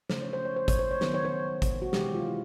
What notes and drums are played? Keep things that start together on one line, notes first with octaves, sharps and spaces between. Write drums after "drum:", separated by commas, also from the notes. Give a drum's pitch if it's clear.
C#3 F3 A3 C5, drum: snare
C#5
C5
C#5
C5
C#5, drum: kick G#1, hi-hat
C5
C#5
D#3 F#3 B3 C5, drum: snare
C#5
C5
drum: kick G#1, hi-hat
F#4
C3 E3 G#3 G4, drum: snare
F4
E4